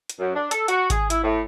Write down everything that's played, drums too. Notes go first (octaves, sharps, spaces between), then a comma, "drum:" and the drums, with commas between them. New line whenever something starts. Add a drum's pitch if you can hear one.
drum: hi-hat
F#2
D4
A4, drum: hi-hat
F#4, drum: hi-hat
G#4, drum: kick G#1, hi-hat
E4, drum: hi-hat
A2